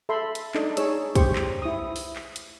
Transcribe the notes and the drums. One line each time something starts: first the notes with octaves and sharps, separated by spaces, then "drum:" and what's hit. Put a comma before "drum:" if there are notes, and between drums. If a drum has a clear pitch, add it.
A4 E5 B5 C6
drum: hi-hat
D4 D#4 A4 D#5, drum: clap
D#4 G#4 C#5 E6, drum: hi-hat
G4 C5 C#6, drum: kick, hi-hat
drum: clap
E4 D#6
drum: open hi-hat
drum: clap
drum: hi-hat